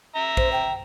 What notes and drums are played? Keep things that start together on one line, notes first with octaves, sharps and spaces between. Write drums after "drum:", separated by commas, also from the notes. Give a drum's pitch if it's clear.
E5 A#5
C5, drum: kick
G5